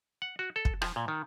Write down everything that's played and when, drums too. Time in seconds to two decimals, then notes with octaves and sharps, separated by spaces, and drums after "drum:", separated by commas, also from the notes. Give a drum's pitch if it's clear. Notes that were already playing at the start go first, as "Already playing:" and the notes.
0.22 F#5
0.39 F#4
0.56 A4
0.65 drum: kick
0.82 F3, drum: rim click
0.96 A#2
1.08 D#3